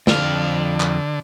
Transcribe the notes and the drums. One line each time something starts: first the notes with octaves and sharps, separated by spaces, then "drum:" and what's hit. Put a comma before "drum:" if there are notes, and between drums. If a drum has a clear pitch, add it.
F2 D3 F5, drum: snare
drum: clap